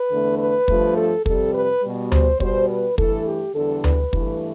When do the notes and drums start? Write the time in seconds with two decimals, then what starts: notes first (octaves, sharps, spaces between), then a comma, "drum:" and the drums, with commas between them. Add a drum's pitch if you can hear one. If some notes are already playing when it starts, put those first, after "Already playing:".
Already playing: B4
0.11 E2 D3 A3
0.39 B4
0.68 G2 F3 A3, drum: kick
0.97 A4
1.26 F2 C3 G3 A4, drum: kick
1.55 B4
1.83 B2 G3
2.12 C5, drum: tom D2
2.40 B2 G3 C5, drum: kick
2.69 B4
2.98 G2 E3 A3 A4, drum: kick
3.26 G4
3.55 E2 D3 G3 A4
3.84 B4, drum: tom D2
4.13 G2 E3 A3, drum: kick